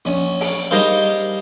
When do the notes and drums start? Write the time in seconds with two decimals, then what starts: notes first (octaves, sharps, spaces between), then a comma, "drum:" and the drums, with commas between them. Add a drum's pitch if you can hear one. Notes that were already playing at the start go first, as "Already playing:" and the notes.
0.05 A#1 C#4
0.41 drum: open hi-hat
0.71 G3 D#4 G#4 A#4 C5 F5